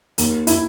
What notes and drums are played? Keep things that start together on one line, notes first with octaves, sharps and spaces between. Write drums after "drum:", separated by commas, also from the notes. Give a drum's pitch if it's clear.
D#2, drum: hi-hat
E4, drum: hi-hat